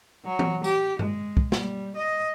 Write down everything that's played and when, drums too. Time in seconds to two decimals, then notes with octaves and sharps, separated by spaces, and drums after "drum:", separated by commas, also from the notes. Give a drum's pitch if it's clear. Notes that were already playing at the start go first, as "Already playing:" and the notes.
0.25 F#3
0.39 drum: tom E3
0.64 G4, drum: tambourine
0.99 G#3, drum: tom G2
1.37 drum: kick
1.52 G3, drum: snare
1.96 D#5